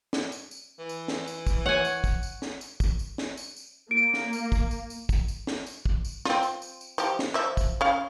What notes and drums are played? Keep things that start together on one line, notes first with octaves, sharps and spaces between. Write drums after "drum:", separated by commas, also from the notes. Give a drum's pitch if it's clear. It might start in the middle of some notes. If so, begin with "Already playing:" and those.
drum: snare
drum: tambourine
drum: tambourine
E3
drum: tambourine
drum: snare
drum: tambourine
drum: kick, tambourine
C#5 F#5 G#5
drum: tambourine
drum: kick, tambourine
drum: tambourine
drum: snare
drum: tambourine
drum: kick, tambourine
drum: tambourine
drum: snare
drum: tambourine
drum: tambourine
A#3 D7
drum: snare
drum: tambourine
drum: kick, tambourine
drum: tambourine
drum: tambourine
drum: kick, tambourine
drum: tambourine
drum: snare
drum: tambourine
drum: kick
drum: tambourine
C4 F4, drum: snare
drum: tambourine
drum: tambourine
drum: tambourine
F3 G4, drum: tambourine
drum: snare
F3 E5
drum: kick, tambourine
C#4 F5